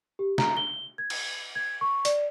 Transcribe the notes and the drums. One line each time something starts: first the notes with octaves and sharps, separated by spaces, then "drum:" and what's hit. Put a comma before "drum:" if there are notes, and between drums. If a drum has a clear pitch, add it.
G4
A#5, drum: snare
G7
G#6
drum: cymbal
G#6
C#6
D5, drum: hi-hat